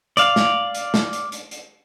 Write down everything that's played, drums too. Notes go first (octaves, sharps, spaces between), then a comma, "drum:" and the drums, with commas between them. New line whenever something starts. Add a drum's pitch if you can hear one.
D5 F5, drum: hi-hat
drum: snare
drum: hi-hat
drum: snare
drum: hi-hat
drum: hi-hat
drum: hi-hat